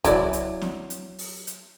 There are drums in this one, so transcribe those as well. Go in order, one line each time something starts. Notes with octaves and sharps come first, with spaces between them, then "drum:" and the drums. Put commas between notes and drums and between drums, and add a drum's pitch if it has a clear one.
F#3 E4 D5, drum: kick C2, hi-hat
drum: hi-hat
drum: snare C4
drum: hi-hat
drum: open hi-hat
drum: hi-hat